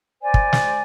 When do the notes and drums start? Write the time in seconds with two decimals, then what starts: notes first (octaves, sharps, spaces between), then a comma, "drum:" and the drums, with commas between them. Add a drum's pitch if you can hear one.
0.21 C5 D5 G#5
0.34 drum: kick
0.53 drum: snare